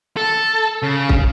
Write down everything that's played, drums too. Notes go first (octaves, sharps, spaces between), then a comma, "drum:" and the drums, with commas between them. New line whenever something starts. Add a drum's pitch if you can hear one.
A4
C#3
drum: kick